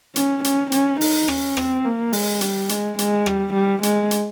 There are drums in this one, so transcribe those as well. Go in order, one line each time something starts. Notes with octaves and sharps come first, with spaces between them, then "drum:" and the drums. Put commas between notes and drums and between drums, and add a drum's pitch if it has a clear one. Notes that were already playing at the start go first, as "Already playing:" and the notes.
C#4, drum: hi-hat
C#4, drum: hi-hat
C#4, drum: hi-hat
D#4, drum: open hi-hat
C#4, drum: rim click
C4, drum: rim click
A#3
G#3, drum: open hi-hat
G3, drum: hi-hat
G#3, drum: hi-hat
G#3, drum: hi-hat
G3, drum: rim click
G3
G#3, drum: hi-hat
drum: hi-hat